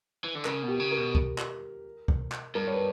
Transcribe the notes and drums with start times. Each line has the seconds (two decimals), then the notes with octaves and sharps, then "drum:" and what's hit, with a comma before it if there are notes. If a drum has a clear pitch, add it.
0.24 E3
0.35 D3
0.45 C#3 A#4, drum: clap
0.63 B2
0.68 G4
0.80 C#3
0.91 A#4
0.97 B2
1.15 drum: kick
1.38 drum: clap
2.08 drum: kick
2.32 drum: clap
2.55 G2 A#4
2.67 C#5
2.73 B4